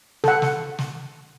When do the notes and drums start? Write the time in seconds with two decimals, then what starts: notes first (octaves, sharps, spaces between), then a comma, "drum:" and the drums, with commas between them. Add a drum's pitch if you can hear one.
0.24 A4 F#5, drum: snare
0.42 drum: snare
0.79 drum: snare